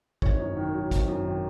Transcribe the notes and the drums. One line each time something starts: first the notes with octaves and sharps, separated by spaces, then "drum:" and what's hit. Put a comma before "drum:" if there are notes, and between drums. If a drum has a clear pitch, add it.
G#1 C#5, drum: kick
F#2
D#3
F#3
G#1, drum: kick, hi-hat
F#2
D#3